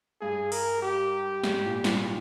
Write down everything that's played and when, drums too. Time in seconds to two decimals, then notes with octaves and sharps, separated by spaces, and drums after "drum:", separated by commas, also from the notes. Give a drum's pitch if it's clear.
0.21 G2 G#4
0.52 A#4, drum: open hi-hat
0.83 G4
1.44 G#2, drum: snare
1.64 A#2
1.76 G3
1.84 F3, drum: snare
2.05 D#3